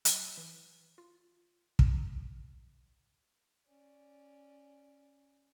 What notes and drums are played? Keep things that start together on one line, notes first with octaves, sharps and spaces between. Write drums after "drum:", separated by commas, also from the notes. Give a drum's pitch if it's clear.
F#3, drum: hi-hat
E3
F4
E7, drum: kick
C#4 D5